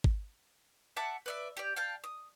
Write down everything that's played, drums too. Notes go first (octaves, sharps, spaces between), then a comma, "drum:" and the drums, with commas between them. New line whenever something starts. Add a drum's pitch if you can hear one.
drum: kick G#1
E5 F#5 A5 D6
B4 D5 E5
G4 D5
F5 G5 A5
D#6